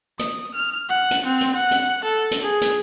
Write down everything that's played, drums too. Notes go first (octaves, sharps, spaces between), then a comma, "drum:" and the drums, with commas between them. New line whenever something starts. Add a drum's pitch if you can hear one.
D#6, drum: hi-hat
F6
F#5
drum: hi-hat
C4
drum: hi-hat
F#5
drum: hi-hat
A4
drum: hi-hat
G#4
drum: hi-hat